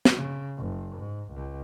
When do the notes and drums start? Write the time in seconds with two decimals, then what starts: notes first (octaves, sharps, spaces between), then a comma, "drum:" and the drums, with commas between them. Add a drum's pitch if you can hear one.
0.05 drum: snare
0.16 C#3
0.58 F#1
0.99 G#2
1.32 C#2